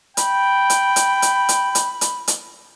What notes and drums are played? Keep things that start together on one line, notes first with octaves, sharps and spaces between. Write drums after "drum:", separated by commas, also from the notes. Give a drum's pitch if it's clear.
G5 B5, drum: hi-hat
drum: hi-hat
drum: hi-hat
drum: hi-hat
drum: hi-hat
drum: hi-hat
drum: hi-hat
drum: hi-hat